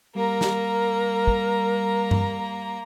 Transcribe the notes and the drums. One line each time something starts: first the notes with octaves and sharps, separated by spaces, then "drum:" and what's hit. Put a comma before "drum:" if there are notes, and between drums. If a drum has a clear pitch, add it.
G3 A#3 A#4 A#5
drum: snare
drum: kick
drum: tom G2